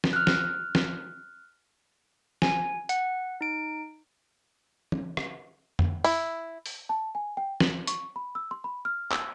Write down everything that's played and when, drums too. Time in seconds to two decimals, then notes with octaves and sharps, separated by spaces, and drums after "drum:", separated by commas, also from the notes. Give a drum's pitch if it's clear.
0.04 drum: snare
0.13 F6 F#6
0.27 drum: snare
0.75 drum: snare
2.42 G#5, drum: snare
2.89 F#5, drum: hi-hat
3.41 D#4 D7
4.92 drum: tom
5.17 drum: rim click
5.79 drum: tom
6.04 E4, drum: open hi-hat
6.66 drum: open hi-hat
6.89 A5
7.15 G#5
7.37 G5
7.60 F#7, drum: snare
7.87 C#6, drum: hi-hat
8.16 B5
8.35 E6
8.51 C6
8.64 B5
8.85 F6
9.12 E6, drum: clap